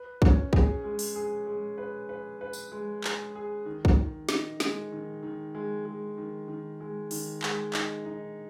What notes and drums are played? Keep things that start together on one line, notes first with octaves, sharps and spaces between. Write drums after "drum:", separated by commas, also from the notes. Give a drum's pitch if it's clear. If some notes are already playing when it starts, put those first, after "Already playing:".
Already playing: B4
C#4, drum: kick
G#4, drum: kick
G#3
drum: open hi-hat
G#4
G#3
B4
B4
B4
drum: tambourine
G#3
G#4, drum: clap
G#4
D#3
drum: kick
D#3
D#4, drum: snare
G#3, drum: snare
D#3
D#3
G#3
G#3
D#3
D#3
G#3
D#3, drum: open hi-hat
G#3, drum: clap
D#4, drum: clap
D#4